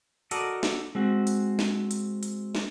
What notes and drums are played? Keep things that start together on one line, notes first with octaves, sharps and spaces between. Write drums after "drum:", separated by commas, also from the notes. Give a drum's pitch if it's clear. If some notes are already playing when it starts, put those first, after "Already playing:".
F#4 A4 A#4 D5 D#5, drum: hi-hat
drum: snare
G#3 C4 F#4
drum: hi-hat
drum: snare
drum: hi-hat
drum: hi-hat
drum: snare